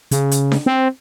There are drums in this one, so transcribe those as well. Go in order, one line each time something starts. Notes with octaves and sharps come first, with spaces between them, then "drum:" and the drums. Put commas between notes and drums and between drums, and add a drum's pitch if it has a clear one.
C#3, drum: hi-hat
drum: hi-hat
drum: snare D4
C4